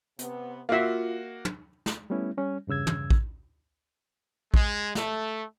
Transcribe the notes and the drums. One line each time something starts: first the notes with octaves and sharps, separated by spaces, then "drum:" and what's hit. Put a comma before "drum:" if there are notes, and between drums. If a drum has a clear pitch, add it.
C3 B3, drum: hi-hat
A#3 F4 F#4 E5 F5
drum: tom
drum: snare
G3 A3 B3 C#4 E4
G3 C#4
E2 G2 C#3 E6 G#6
drum: tom
drum: kick
G#3, drum: kick
A3, drum: snare